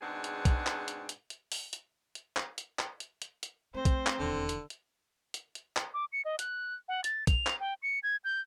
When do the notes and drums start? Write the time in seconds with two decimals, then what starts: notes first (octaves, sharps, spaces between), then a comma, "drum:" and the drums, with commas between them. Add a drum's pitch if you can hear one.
0.01 G#2 B2 C4 D4 G#4 F#5
0.24 drum: hi-hat
0.45 drum: kick, hi-hat
0.67 drum: clap
0.88 drum: hi-hat
1.09 drum: hi-hat
1.30 drum: hi-hat
1.52 drum: open hi-hat
1.73 drum: hi-hat
2.15 drum: hi-hat
2.37 drum: clap
2.58 drum: hi-hat
2.79 drum: clap
3.00 drum: hi-hat
3.22 drum: hi-hat
3.43 drum: hi-hat
3.74 A3 C4 C5
3.85 drum: kick, hi-hat
4.07 drum: clap
4.19 D#1 E2 D3
4.49 drum: hi-hat
4.70 drum: hi-hat
5.34 drum: hi-hat
5.55 drum: hi-hat
5.77 drum: clap
5.94 D6
6.12 C#7
6.25 D#5
6.39 F#6, drum: hi-hat
6.88 F#5
7.04 A6, drum: hi-hat
7.27 F7, drum: kick, hi-hat
7.47 drum: clap
7.60 G5
7.83 C#7
8.03 G#6
8.24 G6